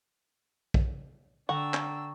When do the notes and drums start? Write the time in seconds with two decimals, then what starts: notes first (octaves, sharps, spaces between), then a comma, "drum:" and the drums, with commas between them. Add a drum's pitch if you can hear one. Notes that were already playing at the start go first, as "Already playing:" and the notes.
0.74 drum: kick
1.49 D3 D4 F#5 G5 A#5 C#6 E6
1.74 drum: clap